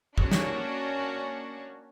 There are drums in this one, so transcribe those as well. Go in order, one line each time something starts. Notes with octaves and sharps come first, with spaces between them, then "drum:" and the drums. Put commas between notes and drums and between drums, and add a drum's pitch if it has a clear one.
A#3 C#4 D4 F#4, drum: kick
drum: snare